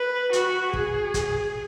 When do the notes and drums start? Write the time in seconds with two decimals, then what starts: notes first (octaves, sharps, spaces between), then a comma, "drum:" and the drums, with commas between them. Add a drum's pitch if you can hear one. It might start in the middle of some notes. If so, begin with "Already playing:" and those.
Already playing: B4
0.33 F#4, drum: hi-hat
0.73 G#4, drum: kick
1.14 drum: kick, hi-hat